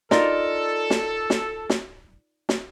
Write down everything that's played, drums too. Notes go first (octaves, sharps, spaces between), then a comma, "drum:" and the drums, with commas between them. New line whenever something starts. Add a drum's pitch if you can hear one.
D#4 F4 A4 A#4 D5, drum: snare
drum: snare
drum: snare
drum: snare
drum: snare